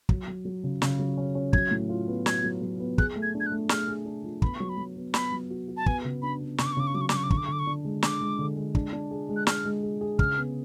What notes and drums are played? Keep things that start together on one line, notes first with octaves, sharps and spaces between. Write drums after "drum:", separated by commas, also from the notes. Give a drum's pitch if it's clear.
F#3, drum: kick
F#3
F#3
C#3
C#3, drum: snare
F#3
C#4
C#4
F#3 G#6, drum: kick
A2
F4
B3
F#3 G#6, drum: snare
F#3
F#3
B3
G#4 F#6, drum: kick
A3
G#6
D4
G#6
F#6
A3
G#4 F6, drum: snare
G#4
D4
F3
B3 B5, drum: kick
F#3 C#6
B5
F#3
B3
B3 B5, drum: snare
F#3
F#4
F#4
A5
B3 G#5, drum: kick
C#3
D4 B5
B3
C#3 C#6, drum: snare
D6
C#6
C#3 D6
C#6
F#3 D6
C#6
D6, drum: snare
F#3 C#6
D6
D3 C#6, drum: kick
D6
C#6
D3 D6
C#6
D4
G#3
D3 D6, drum: snare
G#3
D3
G#3
D4, drum: kick
D4
G#4
G#3
F#6
G#3 F6, drum: snare
G#3
G#4
G#4
C#3 F6, drum: kick
B3